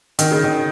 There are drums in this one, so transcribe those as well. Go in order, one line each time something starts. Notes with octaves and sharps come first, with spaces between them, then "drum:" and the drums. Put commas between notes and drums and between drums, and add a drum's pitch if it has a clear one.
D#3, drum: hi-hat
C#3
D#3